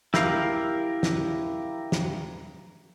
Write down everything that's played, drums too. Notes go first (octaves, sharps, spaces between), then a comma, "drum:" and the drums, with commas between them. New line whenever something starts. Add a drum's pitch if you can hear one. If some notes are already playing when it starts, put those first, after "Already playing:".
E4 G4 A#4 F5, drum: snare
drum: snare
drum: snare